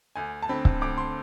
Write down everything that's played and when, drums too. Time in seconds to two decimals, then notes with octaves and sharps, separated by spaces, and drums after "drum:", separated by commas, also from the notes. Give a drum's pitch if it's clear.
0.16 D2 G#5
0.42 A5
0.48 D3 A3 C4 B5
0.65 drum: kick C#1
0.81 D2 D6
0.98 C6